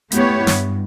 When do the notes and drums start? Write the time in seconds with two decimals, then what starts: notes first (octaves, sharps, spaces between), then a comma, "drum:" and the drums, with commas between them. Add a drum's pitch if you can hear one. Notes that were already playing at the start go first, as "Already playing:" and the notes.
0.12 A3 B3 E4 G4 C#5, drum: hi-hat
0.47 G2, drum: snare